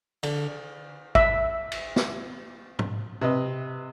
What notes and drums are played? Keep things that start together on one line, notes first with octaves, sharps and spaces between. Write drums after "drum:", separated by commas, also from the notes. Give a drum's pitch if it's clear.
D3, drum: cymbal
E5, drum: kick
drum: cymbal
drum: snare
drum: tom
C3 B4 D#5